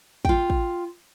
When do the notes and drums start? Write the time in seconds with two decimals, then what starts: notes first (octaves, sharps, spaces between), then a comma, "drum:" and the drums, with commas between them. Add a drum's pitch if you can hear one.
0.25 F4 G5, drum: kick
0.50 drum: kick